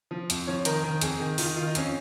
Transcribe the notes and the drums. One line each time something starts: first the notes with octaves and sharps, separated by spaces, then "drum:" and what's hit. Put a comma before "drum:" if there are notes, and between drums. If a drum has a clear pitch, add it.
F3
F2, drum: hi-hat
F3 C#5
D#3 A#4, drum: hi-hat
D#3
F2 G#4, drum: hi-hat
D#3
D#3 F4, drum: open hi-hat
D#3 F4
D#4
F2 C#4, drum: hi-hat